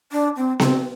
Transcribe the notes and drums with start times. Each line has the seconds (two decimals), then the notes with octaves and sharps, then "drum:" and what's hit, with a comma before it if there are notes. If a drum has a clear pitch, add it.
0.12 D4
0.36 C4
0.60 C4, drum: snare B3